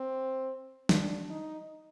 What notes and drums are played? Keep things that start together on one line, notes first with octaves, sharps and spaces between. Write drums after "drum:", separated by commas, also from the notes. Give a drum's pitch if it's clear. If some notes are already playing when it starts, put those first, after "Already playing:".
Already playing: C4
D4, drum: snare
D#4